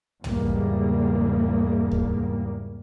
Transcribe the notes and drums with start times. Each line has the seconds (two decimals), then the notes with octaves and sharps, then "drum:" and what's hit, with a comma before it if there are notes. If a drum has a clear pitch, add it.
0.24 E2 G#2 C#3 G3 A#3, drum: tom
1.91 drum: kick D2